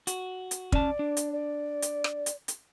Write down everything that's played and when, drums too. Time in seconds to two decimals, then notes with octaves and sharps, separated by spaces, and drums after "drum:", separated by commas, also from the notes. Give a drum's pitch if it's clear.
0.07 F#4, drum: hi-hat
0.51 drum: hi-hat
0.72 C#4 D5 A5, drum: kick
0.99 D4
1.17 drum: hi-hat
1.32 D5
1.82 drum: hi-hat
2.04 drum: rim click
2.26 drum: hi-hat
2.48 drum: hi-hat